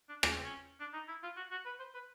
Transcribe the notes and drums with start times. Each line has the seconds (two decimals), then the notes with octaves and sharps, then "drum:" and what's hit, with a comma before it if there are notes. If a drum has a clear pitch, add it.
0.09 D4
0.23 D4, drum: rim click
0.30 C#4
0.37 C4
0.43 C#4
0.80 D4
0.93 D#4
1.08 E4
1.23 F4
1.36 F#4
1.51 F#4
1.66 B4
1.79 C5
1.94 B4